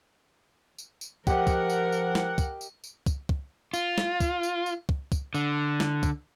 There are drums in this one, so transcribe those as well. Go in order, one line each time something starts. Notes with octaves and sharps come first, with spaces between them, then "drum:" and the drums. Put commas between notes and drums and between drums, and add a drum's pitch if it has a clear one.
drum: tambourine
drum: tambourine
F3 G4 A#4 D#5 F#5, drum: kick, tambourine
drum: kick, tambourine
drum: tambourine
drum: tambourine
drum: snare
drum: kick, tambourine
drum: tambourine
drum: tambourine
drum: kick, tambourine
drum: kick
F4, drum: tambourine
drum: snare
drum: kick, tambourine
drum: tambourine
drum: tambourine
drum: kick
drum: kick, tambourine
D3, drum: tambourine
drum: snare
drum: kick, tambourine